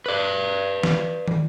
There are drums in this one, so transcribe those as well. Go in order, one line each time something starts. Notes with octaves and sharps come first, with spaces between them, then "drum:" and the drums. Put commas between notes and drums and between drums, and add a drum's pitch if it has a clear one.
B4 D5
drum: snare
drum: tom